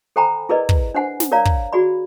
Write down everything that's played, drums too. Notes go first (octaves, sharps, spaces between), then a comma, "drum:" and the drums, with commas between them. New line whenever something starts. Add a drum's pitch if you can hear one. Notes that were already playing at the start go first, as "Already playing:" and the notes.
A4 C5 G5 G#5 A#5 B5
E4 G#4 A#4 B4 D5 D#5
drum: kick
D4 C5 F#5 G#5
drum: snare
A#4 C#5 D5 F5 A#5
drum: kick
F#4 G#4 D5 B5